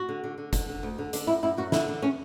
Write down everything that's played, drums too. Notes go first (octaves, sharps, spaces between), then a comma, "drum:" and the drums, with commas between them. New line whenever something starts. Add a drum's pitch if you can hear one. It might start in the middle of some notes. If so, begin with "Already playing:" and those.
Already playing: F#4
D3
D3
D3
D3, drum: kick F#1, hi-hat
D3
D2
D3
D3 D4, drum: hi-hat
F#2 E4
F#2 E4
F#2 F#4
D3 E4, drum: snare
D3
C#4